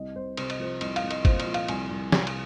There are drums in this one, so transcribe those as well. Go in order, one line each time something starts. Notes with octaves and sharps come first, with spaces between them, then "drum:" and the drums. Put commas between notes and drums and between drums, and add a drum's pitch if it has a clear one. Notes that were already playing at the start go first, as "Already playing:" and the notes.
Already playing: C2 D#5
C2 C5
C3 C5, drum: cymbal
D#5, drum: cymbal
F3 C5
C2 D#5, drum: cymbal
F5, drum: cymbal
C2
D#5, drum: cymbal
A#2 C5, drum: kick, cymbal
D#5, drum: cymbal
F3
F5, drum: cymbal
C2 G#5, drum: cymbal
C2
C3, drum: snare
drum: cymbal